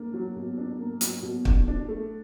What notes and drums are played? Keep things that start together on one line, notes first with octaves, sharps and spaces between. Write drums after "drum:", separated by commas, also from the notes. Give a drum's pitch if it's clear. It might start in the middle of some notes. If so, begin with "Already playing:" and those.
Already playing: A#3 D4
F#3
B2
D4
A#3
F#3, drum: hi-hat
B2
D4, drum: kick
D4
A3